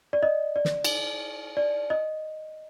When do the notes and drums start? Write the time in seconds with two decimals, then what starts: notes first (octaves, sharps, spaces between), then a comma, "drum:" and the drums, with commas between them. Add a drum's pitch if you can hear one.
0.13 D5
0.23 D#5
0.56 D5
0.65 drum: snare
0.85 drum: cymbal
1.57 D5
1.90 D#5